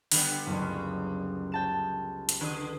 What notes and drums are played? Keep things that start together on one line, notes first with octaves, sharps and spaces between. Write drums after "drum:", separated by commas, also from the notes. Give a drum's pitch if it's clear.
D3 G3 B3, drum: open hi-hat
F#1 C#2
G5 A5 E7
drum: hi-hat
D3 B4 D#6